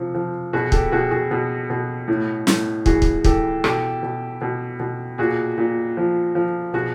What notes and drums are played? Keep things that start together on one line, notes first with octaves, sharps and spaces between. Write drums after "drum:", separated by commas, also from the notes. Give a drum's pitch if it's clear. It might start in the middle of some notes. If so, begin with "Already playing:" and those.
Already playing: C3 F3
F3
B2 F#4 G#4
G4 A4, drum: kick
B2 F#4 G#4
F#4 G#4
B2
B2
A2
A2, drum: snare
E3 F#4 G#4, drum: kick
drum: kick
E3 G4 A4, drum: kick
B2 G4 A4, drum: rim click
B2
B2
B2
A#2 F#4 G#4
A#2
F3
F3
B2 F#4 G#4